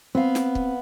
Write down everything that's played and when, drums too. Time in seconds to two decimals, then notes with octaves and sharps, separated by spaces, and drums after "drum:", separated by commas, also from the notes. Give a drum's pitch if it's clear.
0.15 B3 C4 F5
0.35 drum: snare
0.55 drum: kick